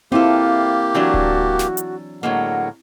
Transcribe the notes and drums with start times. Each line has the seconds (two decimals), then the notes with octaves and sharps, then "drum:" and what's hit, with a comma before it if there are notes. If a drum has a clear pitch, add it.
0.12 A#3 C4 E4 F4 G4 A4 F5
0.94 E3 F#3 D4 F#4
1.14 drum: kick D1
1.59 drum: snare
1.77 drum: hi-hat
2.23 A2 D3 F#3 G#3 A#3 F#5